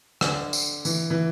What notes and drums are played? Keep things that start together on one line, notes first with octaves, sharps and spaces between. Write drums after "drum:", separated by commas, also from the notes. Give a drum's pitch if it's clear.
D3, drum: rim click
drum: tambourine
E3, drum: tambourine
E3